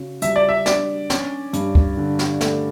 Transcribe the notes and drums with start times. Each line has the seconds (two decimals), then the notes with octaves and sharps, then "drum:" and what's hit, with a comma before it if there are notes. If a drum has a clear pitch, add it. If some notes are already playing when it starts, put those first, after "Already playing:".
Already playing: C#3 F#4
0.22 G3 E5, drum: hi-hat
0.36 D5
0.49 E5
0.66 D4 D5, drum: snare
1.10 C#4, drum: snare
1.53 G2, drum: hi-hat
1.75 drum: kick
1.97 D3
2.19 drum: snare
2.41 A3, drum: snare